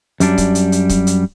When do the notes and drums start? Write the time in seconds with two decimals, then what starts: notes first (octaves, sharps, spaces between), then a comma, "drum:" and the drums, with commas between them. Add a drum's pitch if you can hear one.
0.20 F#2 G3 D4, drum: hi-hat
0.38 drum: kick C#1, hi-hat
0.55 drum: hi-hat
0.72 drum: hi-hat
0.89 drum: kick C#1, hi-hat
1.07 drum: hi-hat